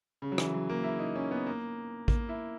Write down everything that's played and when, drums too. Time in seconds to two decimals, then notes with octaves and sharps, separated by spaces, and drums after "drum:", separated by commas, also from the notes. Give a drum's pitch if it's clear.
0.22 C#3
0.32 F#3
0.38 E3, drum: rim click
0.54 F#3
0.69 A#3
0.84 E4
0.99 D#4
1.15 C#4
1.31 B3
1.46 A#3
2.08 A#3, drum: kick A1
2.29 E4